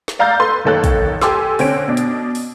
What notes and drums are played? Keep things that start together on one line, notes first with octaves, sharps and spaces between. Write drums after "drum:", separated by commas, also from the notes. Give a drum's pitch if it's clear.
drum: snare
D5 F5 A#5 E6 G6 A6
A4 B4 C6
F#1 D#3 A#3 A4 C#5 F#6
drum: kick, hi-hat
G4 A4 G#5 C6 D6 E6, drum: snare
D3 C4 C#4 D7, drum: open hi-hat
B2 D4
drum: hi-hat
drum: open hi-hat